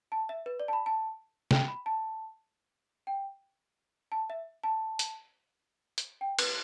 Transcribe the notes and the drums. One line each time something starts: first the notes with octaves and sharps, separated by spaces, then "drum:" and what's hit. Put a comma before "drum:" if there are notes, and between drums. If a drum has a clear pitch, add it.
A5
E5
B4
D5
A5
B5
A5
G5, drum: snare
B5
A5
G5
A5
E5
A5
drum: hi-hat
drum: hi-hat
G5
B4, drum: cymbal